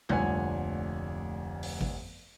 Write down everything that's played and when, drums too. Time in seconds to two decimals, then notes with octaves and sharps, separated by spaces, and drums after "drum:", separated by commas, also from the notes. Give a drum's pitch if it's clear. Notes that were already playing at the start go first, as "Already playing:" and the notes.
0.09 F1 D2 A#2 C#5 F#5 G#5, drum: tom G3
1.63 drum: open hi-hat
1.81 drum: kick G#1